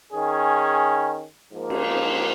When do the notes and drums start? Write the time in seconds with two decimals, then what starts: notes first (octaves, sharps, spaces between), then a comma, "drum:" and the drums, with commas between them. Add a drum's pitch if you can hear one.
0.12 D#3 C#4 G#4
1.53 G#2 F3 A#3
1.70 drum: cymbal